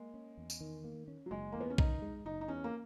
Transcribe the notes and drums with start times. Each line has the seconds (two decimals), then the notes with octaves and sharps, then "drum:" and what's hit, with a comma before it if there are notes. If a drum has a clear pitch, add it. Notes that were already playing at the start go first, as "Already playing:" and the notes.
Already playing: G#3 A#3
0.14 C#4
0.37 E2
0.50 drum: tambourine
0.61 D#3
0.84 A#3
1.08 C#4
1.26 F#3
1.31 F#1 G#3
1.52 E2 A#3
1.60 B3
1.70 C#4
1.78 D#3 D#4, drum: kick
2.02 G#3
2.25 F#1 D#4
2.41 D#4
2.48 E2 C#4
2.64 A#3